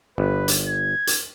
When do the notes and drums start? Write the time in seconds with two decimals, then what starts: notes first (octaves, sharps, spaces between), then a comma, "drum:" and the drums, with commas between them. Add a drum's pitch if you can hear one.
0.18 G1 B4
0.48 drum: hi-hat
0.68 G#6
1.07 drum: hi-hat